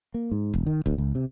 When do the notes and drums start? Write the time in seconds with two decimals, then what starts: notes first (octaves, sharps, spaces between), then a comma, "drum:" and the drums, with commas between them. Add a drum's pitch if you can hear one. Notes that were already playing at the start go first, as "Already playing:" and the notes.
0.14 A#3
0.32 G#2
0.54 E1, drum: kick
0.66 D#3
0.86 D2, drum: kick
0.98 C#2
1.15 C3